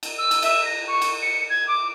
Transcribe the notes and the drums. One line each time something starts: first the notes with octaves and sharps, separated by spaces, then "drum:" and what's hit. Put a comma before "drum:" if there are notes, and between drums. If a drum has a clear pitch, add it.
drum: cymbal
E6
drum: cymbal
E5, drum: cymbal
A#6
C#6
drum: cymbal
C#7
G#6
D6